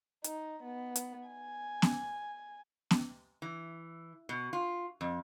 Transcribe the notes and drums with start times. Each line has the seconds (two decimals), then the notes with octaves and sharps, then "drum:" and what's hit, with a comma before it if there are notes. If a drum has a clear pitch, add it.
0.24 D#4, drum: hi-hat
0.63 B3
0.96 drum: hi-hat
1.28 G#5
1.82 drum: snare
2.91 drum: snare
3.42 E3
4.29 B2
4.53 F4
5.01 F2